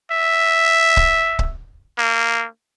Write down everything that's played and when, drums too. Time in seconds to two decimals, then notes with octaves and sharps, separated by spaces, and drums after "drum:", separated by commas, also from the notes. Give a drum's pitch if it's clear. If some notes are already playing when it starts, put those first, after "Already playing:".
0.11 E5
0.97 drum: kick C#1
1.39 drum: kick C#1
1.98 A#3